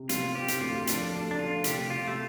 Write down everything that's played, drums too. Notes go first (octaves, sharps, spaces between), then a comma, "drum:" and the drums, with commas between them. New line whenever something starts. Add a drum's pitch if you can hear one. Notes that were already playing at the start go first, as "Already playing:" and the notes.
Already playing: C3
G3 F4, drum: hi-hat
C4 G4
drum: hi-hat
D2 F4
F3 D4, drum: hi-hat
A3
D4
D3 F4
C3 G4, drum: hi-hat
C3 F4
A3